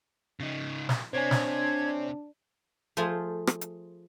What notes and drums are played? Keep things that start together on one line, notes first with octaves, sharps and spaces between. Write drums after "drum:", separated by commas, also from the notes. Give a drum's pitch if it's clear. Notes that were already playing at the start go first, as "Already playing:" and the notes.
C#3 D#4
drum: snare
C3 D4 C5 C#5 G#5 G#6
drum: snare
F3 A3 F4 G#4 C5
drum: rim click
drum: hi-hat